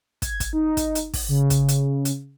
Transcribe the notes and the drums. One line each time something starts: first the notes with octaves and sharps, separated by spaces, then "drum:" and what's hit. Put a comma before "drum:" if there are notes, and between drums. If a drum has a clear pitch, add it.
G#6, drum: kick, hi-hat
drum: kick, hi-hat
D#4
drum: kick, hi-hat
drum: hi-hat
drum: kick, open hi-hat
C#3
drum: kick, hi-hat
drum: hi-hat
drum: hi-hat